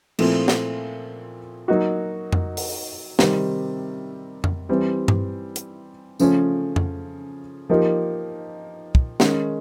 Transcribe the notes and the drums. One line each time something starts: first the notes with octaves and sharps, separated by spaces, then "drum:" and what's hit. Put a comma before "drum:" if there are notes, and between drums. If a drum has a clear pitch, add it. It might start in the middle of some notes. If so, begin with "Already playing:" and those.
A#2 F3 A3 C4 E4, drum: cymbal
drum: snare
F#3 A#3 D#4 F#4
drum: tom F2
drum: open hi-hat
C3 D#3 G3 C4, drum: snare
drum: tom F2
E3 G3 C4
drum: tom G2
drum: hi-hat
C#3 F3 A3 C#4, drum: tambourine
drum: tom F2
F3 A#3 D#4 G4 A#4
drum: kick
D#3 G#3 C#4, drum: snare